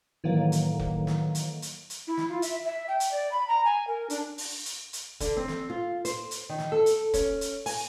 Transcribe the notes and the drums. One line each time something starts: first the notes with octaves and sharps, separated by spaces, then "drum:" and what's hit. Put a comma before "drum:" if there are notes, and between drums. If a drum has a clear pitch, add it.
A2 D#3 E3 F#3 A#3
drum: hi-hat
drum: kick
drum: snare
drum: hi-hat
drum: hi-hat
drum: hi-hat
E4
drum: snare
F4
E5, drum: hi-hat
E5
G5
drum: hi-hat
D5
B5
A#5
G#5
A#4
D4, drum: hi-hat
drum: open hi-hat
drum: hi-hat
drum: hi-hat
D3, drum: kick, hi-hat
C4
drum: snare
F4
C5, drum: hi-hat
drum: hi-hat
D#3
drum: snare
A4
drum: hi-hat
C#4, drum: kick, hi-hat
drum: hi-hat
G#5, drum: open hi-hat